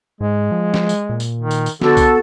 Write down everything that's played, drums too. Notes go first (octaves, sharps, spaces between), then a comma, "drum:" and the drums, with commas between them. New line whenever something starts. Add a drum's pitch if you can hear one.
G#2 G#3
F3
drum: snare
drum: tambourine
A#2
drum: tambourine
D#3
drum: tambourine
drum: tambourine
D3 B3 F#4 A4, drum: snare
drum: kick B1, tambourine